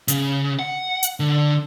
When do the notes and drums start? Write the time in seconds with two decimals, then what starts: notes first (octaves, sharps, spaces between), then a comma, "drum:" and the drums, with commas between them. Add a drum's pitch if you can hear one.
0.08 C#3, drum: hi-hat
0.59 F#5
1.03 drum: hi-hat
1.20 D3